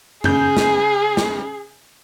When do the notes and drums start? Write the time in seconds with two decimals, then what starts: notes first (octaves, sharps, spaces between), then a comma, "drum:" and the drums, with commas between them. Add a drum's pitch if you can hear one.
0.24 C#3 G#4 G6, drum: tom
0.57 drum: snare
1.17 drum: snare